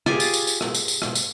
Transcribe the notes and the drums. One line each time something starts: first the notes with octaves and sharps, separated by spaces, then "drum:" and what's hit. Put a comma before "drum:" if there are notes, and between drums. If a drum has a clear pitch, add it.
F4 G4 G#4 G#5, drum: rim click
drum: tambourine
drum: tambourine
drum: tambourine
drum: rim click
drum: tambourine
drum: tambourine
drum: rim click
drum: tambourine